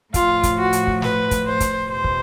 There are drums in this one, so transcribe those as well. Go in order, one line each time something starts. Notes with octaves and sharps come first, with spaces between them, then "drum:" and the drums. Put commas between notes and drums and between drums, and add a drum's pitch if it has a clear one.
A2 F3 F4, drum: kick, hi-hat
drum: kick, hi-hat
F#4
drum: hi-hat
drum: kick
B4, drum: snare
drum: kick, hi-hat
C5
drum: kick, hi-hat
E2 B2 C5
drum: kick